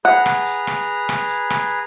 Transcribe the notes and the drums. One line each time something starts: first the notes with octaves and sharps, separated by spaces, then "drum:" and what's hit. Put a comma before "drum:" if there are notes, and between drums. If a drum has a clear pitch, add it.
G#4 B4 F#5 A#5
drum: rim click
drum: hi-hat
drum: rim click
drum: rim click
drum: hi-hat
drum: rim click